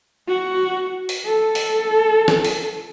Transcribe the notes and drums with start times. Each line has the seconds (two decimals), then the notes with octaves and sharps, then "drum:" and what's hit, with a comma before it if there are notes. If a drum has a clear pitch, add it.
0.28 F#4
1.09 drum: open hi-hat
1.26 A4
1.55 drum: open hi-hat
2.28 drum: snare
2.45 drum: open hi-hat